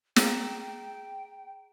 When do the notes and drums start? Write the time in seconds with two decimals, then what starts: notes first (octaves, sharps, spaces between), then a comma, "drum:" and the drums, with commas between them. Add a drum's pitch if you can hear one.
0.16 G#4 G5 A#5 E7, drum: snare